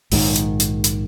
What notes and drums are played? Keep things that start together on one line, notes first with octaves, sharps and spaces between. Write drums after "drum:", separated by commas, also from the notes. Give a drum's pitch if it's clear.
A#1 G#2 B2 D#3, drum: open hi-hat
drum: hi-hat
drum: hi-hat
drum: hi-hat